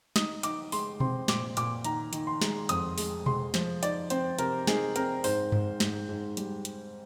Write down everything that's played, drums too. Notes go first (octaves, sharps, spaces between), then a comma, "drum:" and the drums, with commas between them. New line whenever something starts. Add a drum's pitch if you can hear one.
D#4 D#6, drum: snare
D#4 D6, drum: hi-hat
G#3 C6, drum: open hi-hat
C4 C6, drum: tom B2
A#2 D6, drum: snare
A#2 D6, drum: hi-hat
D#3 A#5, drum: hi-hat
D#3, drum: hi-hat
C6
G#3, drum: snare
F2 D#6, drum: hi-hat
G#3, drum: open hi-hat
G#3 C6, drum: tom B2
F3, drum: snare
D#4 D5, drum: hi-hat
C4 C5, drum: hi-hat
C3 A#4, drum: hi-hat
D#4 G#4, drum: snare
C4 A#4, drum: hi-hat
G#2 C5, drum: open hi-hat
G#2, drum: tom G2
G#2, drum: snare
G#2
G3, drum: hi-hat
drum: hi-hat